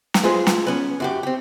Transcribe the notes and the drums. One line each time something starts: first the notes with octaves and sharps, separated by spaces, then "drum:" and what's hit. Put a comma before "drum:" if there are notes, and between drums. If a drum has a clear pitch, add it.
drum: snare
G#3 F4 G#4 B4 C5
drum: snare
B3 C#4 B4
F#2 F#4 G4
C4 G4